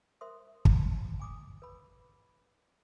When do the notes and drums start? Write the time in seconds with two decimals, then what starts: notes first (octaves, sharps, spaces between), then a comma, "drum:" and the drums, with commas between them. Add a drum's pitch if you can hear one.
0.21 A#4 C5 E5 C6 D#6
0.65 drum: kick
1.19 G#5 D6 D#6
1.62 B4 B5